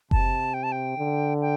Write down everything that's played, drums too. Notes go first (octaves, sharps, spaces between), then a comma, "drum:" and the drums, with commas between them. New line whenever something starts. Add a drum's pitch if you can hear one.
C3 A5, drum: kick F#1
G5
A5
G5
D3
G5